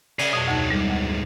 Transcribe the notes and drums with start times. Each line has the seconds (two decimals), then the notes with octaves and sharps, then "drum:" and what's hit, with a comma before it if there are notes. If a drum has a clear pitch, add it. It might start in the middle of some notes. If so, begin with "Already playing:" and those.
0.19 C#3 G#4 D5, drum: cymbal
0.33 F2 B2 F#3 G#3
0.48 D2 D#4 A5
0.70 B1 G#2 G3
0.90 D2